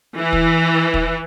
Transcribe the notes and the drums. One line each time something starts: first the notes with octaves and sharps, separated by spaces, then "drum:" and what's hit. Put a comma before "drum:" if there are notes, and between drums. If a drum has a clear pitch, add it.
E3
drum: kick
drum: kick